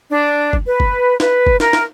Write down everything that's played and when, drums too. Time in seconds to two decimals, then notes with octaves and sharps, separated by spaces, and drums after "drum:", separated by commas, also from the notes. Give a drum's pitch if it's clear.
0.10 D4
0.53 drum: kick
0.65 B4
0.80 drum: kick
1.20 B4, drum: snare
1.47 drum: kick
1.60 A#4, drum: snare
1.73 drum: snare